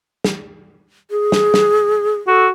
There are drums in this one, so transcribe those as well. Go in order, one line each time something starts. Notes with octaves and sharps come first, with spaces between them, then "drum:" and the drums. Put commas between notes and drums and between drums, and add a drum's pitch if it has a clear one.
drum: snare
G#4
drum: snare
drum: snare
F#4 A4